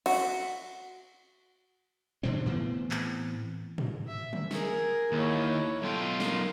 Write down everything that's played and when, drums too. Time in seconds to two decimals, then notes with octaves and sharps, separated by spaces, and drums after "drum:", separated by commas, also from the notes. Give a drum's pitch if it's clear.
0.06 F#4, drum: cymbal
2.23 B2 D3 F3 C4
2.46 A2 E3 B3 C4
2.91 drum: clap
3.78 drum: tom
4.07 E5
4.33 drum: tom
4.51 G#4 A#4, drum: snare
5.12 D#2 E4 C#5
5.82 B1 F4 A4 G5
6.20 D#4 A#4, drum: snare